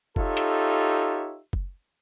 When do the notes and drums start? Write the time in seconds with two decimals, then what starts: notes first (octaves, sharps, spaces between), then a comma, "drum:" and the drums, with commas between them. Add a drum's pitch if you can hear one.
0.16 D#4 F4 G4 A4 C#5 E5, drum: kick F#1
0.37 drum: hi-hat
1.53 drum: kick F#1